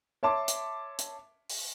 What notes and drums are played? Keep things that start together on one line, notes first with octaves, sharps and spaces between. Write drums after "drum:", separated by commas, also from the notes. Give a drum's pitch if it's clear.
C#5 E5 A5 C6 D6
drum: hi-hat
drum: hi-hat
drum: open hi-hat